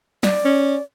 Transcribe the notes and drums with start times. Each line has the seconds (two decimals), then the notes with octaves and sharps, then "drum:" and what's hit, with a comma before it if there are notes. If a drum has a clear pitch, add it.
0.23 D5, drum: snare
0.45 C#4